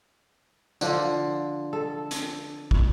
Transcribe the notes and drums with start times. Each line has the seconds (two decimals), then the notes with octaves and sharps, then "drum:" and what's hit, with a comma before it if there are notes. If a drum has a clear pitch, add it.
0.81 D3 F3, drum: tambourine
1.73 A4
2.11 drum: hi-hat
2.71 drum: kick